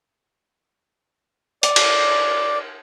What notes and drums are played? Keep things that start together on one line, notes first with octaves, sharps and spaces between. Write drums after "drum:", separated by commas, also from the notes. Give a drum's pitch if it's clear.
D5, drum: hi-hat
drum: cymbal